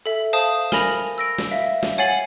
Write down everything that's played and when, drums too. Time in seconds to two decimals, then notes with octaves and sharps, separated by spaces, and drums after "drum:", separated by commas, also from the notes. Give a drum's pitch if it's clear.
0.06 A4 E5
0.33 C5 F5 A5 D#6
0.72 A#4 G#5 B5 A#6 F7, drum: snare
1.18 E6 A#6 D7
1.38 drum: snare
1.51 E5 F5
1.83 drum: snare
1.98 C#5 F#5 G#5 A6 C7 F#7